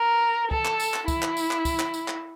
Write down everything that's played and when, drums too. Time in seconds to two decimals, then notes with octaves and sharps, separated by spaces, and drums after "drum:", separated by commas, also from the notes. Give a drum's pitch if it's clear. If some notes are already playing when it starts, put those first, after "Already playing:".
Already playing: A#4
0.51 A4, drum: kick
0.65 drum: clap
0.80 drum: tambourine
0.94 drum: clap
1.08 E4, drum: kick, tambourine
1.22 drum: clap
1.37 drum: tambourine
1.51 drum: clap
1.65 drum: kick, tambourine
1.79 drum: clap
1.94 drum: tambourine
2.08 drum: clap